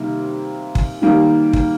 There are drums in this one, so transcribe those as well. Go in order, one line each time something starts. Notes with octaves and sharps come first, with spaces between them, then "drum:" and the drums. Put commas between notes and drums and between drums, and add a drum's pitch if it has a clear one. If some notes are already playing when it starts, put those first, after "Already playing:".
Already playing: C3 D#3 G3 A#3
drum: kick
D#3 G3 A#3
drum: kick